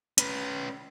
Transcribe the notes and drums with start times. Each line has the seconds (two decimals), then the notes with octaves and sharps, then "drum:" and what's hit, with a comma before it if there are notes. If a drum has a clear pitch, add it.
0.18 C#4 B4, drum: hi-hat